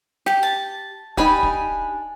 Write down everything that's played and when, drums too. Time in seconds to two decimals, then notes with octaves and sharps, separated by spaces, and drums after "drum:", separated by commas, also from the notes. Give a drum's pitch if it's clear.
0.26 G4, drum: snare
0.43 A5
1.17 D4 D#4 G4 G#5 B5, drum: kick
1.43 drum: kick